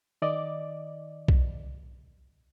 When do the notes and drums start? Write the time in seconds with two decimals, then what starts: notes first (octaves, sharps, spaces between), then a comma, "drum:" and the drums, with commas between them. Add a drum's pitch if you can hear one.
0.22 D#3 D5 D#5 D6
1.28 drum: kick B1